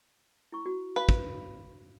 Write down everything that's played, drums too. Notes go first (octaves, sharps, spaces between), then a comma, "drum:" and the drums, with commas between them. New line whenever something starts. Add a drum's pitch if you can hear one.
E4 C#6
F#4
B4 F5 B5
drum: kick